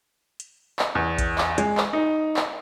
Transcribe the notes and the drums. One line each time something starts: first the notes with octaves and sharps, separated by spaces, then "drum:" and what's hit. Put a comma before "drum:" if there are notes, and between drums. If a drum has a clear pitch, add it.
drum: hi-hat
drum: clap
E2
drum: kick A#1, hi-hat
drum: clap
G#3, drum: hi-hat
drum: clap
D#4
drum: clap